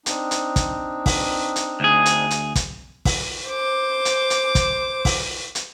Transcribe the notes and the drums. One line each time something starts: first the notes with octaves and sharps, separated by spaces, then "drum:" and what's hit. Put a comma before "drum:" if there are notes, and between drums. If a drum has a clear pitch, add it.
C4 D4 D#4, drum: hi-hat
drum: hi-hat
drum: kick, hi-hat
drum: kick, open hi-hat
drum: hi-hat
D2 G#4
drum: hi-hat
drum: hi-hat
drum: kick, hi-hat
drum: kick, open hi-hat
C5 D6
drum: hi-hat
drum: hi-hat
drum: kick, hi-hat
drum: kick, open hi-hat
drum: hi-hat